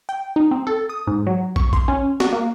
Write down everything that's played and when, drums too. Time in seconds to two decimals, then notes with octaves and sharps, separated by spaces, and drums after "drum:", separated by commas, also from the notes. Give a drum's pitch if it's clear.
0.09 G5
0.36 D#4
0.51 C4
0.67 A4
0.89 D#6
1.07 G#2
1.27 F#3
1.56 C#6, drum: kick
1.73 C6, drum: kick
1.88 C#4
2.20 F#4, drum: snare
2.33 A#3